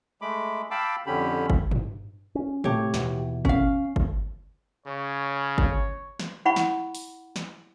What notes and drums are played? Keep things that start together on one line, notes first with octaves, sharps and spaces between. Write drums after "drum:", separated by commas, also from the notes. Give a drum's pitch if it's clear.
G#3 A3 B5 D6
F5 G5 A5 B5 D6 E6
F2 D3 C#4 G4 B5
drum: kick G1
drum: tom
C#4
C3 A3 G4 C#5, drum: tom A2
D#2 B2 E3, drum: snare
C#4 F5, drum: kick G1
drum: kick G1
C#3 C#5
drum: kick G1
drum: snare
E4 F#5 B5 C#6
drum: snare
drum: open hi-hat
drum: snare